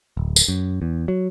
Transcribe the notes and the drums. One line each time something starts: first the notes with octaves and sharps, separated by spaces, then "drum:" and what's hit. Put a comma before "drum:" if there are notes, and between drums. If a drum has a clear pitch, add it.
D1
drum: tambourine
F#2
E2
F#3